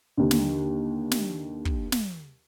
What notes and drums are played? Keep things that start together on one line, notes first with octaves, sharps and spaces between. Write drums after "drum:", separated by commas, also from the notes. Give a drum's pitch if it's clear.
D#2 D3
drum: snare
drum: snare
drum: kick
drum: snare